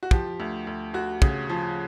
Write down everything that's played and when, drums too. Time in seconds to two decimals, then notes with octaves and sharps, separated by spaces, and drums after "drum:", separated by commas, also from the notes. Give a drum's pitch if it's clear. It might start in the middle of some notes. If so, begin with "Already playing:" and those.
0.03 F#4
0.11 F3 G4, drum: kick
0.40 D2
0.67 D2
0.94 D2 F#4
1.22 C#3, drum: kick
1.49 F3